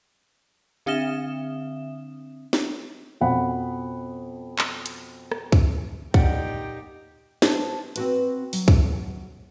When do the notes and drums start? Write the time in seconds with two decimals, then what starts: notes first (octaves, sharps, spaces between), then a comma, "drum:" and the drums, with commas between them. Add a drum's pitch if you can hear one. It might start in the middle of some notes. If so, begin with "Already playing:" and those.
0.86 D3 C4 D4 E5 E7
2.53 drum: snare
3.21 F2 B2 F#5 B5
4.59 drum: clap
4.86 drum: hi-hat
5.32 drum: rim click
5.52 drum: kick
6.14 A#2 D#4 G4 D5 F#5 G5, drum: kick
7.42 C5 A5, drum: snare
7.96 C4 F#4 B4, drum: hi-hat
8.53 F#3, drum: open hi-hat
8.68 drum: kick